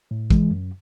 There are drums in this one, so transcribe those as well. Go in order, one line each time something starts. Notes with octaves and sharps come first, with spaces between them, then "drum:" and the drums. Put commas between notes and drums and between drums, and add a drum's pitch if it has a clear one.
A2
E3 G#3, drum: kick
F#2